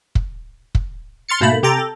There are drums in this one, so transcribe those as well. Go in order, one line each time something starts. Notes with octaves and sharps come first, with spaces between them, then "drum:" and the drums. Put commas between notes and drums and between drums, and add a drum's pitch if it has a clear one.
drum: kick
drum: kick
C6 F6 A6 C#7
G#2 B2 A3 A#3 B5
C3 G4 A4 G5 A#5 A6
A4